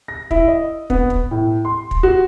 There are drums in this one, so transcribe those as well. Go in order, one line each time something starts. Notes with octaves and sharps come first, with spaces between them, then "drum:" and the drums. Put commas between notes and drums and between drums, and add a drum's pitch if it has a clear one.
A#6
E4, drum: kick
D#5
B3, drum: kick
drum: kick
A2
C6
drum: kick
F#4